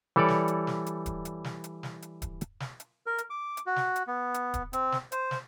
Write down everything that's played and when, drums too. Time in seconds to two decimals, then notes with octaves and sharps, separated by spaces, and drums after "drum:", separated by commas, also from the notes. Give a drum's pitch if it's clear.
0.16 E3 G3 A4 C#5 D5
0.28 drum: snare
0.48 drum: hi-hat
0.67 drum: snare
0.86 drum: hi-hat
1.06 drum: kick D1, hi-hat
1.25 drum: hi-hat
1.44 drum: snare
1.64 drum: hi-hat
1.83 drum: snare
2.02 drum: hi-hat
2.22 drum: kick D1, hi-hat
2.41 drum: hi-hat
2.60 drum: snare
2.80 drum: hi-hat
3.06 A#4
3.18 drum: hi-hat
3.30 D6
3.57 drum: hi-hat
3.66 F#4
3.76 drum: snare
3.96 drum: hi-hat
4.07 B3
4.34 drum: hi-hat
4.54 drum: kick D1, hi-hat
4.73 C4, drum: hi-hat
4.92 drum: snare
5.12 C5, drum: hi-hat
5.31 drum: snare